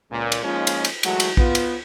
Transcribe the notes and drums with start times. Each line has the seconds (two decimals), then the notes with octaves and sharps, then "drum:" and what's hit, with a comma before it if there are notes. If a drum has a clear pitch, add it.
0.10 C#2 A#2
0.32 drum: cymbal
0.43 F3 G#3 A#3 C#4 D#4 F4
0.67 drum: cymbal
0.85 drum: cymbal
1.03 E3 F#3 G#3 A3 F#4, drum: cymbal
1.20 drum: cymbal
1.37 B3 F4, drum: kick
1.55 drum: cymbal